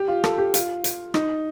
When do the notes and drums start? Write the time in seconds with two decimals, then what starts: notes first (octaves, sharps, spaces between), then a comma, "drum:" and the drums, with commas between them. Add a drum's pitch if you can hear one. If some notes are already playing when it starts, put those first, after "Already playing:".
Already playing: G4
0.08 F4
0.24 A4, drum: rim click
0.38 G4
0.54 F4, drum: hi-hat
0.84 drum: hi-hat
1.14 D#4, drum: rim click